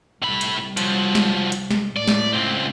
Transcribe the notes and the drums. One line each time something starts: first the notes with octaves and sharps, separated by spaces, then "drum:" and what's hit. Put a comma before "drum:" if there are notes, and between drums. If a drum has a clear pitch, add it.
C2 A2 B5
drum: hi-hat
F3 F#3, drum: hi-hat
drum: snare
drum: hi-hat
drum: snare
A2 D5
drum: snare
C#2 C4